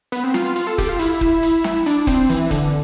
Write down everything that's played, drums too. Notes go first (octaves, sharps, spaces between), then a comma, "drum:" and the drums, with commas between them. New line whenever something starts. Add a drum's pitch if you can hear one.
B3, drum: hi-hat
C4
F4, drum: snare
F4
F4, drum: hi-hat
A4
G4, drum: kick, hi-hat
F4
E4, drum: hi-hat
drum: kick
drum: hi-hat
drum: snare
D4, drum: hi-hat
C4, drum: kick, hi-hat
E3, drum: hi-hat
D3, drum: kick, hi-hat
D3